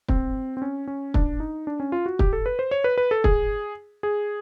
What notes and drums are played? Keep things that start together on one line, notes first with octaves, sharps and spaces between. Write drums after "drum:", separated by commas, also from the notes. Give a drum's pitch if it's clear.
C4, drum: kick
C4
C#4
C#4
D4, drum: kick
D#4
D4
C#4
F4
F#4
G4, drum: kick
A4
B4
C5
C#5
B4
B4
A4
G#4, drum: kick
G#4